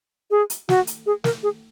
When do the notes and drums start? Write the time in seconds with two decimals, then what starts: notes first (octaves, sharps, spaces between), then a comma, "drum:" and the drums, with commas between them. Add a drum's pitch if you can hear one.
0.31 G#4
0.50 drum: hi-hat
0.69 F#4, drum: snare
0.87 drum: hi-hat
1.06 G#4
1.24 A#4, drum: snare
1.43 G#4